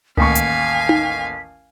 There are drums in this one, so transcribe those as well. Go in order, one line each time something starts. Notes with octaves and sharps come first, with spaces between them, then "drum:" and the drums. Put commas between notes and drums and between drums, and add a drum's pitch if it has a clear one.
A1 D#2 F5 G#5 C#6 B6, drum: tom C#2
drum: hi-hat
drum: tom D#4